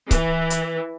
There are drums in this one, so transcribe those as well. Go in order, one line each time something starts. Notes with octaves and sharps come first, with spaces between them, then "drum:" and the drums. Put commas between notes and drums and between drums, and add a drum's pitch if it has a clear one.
E3, drum: kick C#1, hi-hat
drum: hi-hat